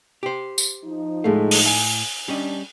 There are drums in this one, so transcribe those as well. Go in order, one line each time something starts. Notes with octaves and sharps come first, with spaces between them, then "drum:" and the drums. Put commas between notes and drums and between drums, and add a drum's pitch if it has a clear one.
G4 C5
drum: tambourine
F3 D#4
A2 G#3 A3 F5
drum: open hi-hat
G#5
G3 C#4 D4 D#5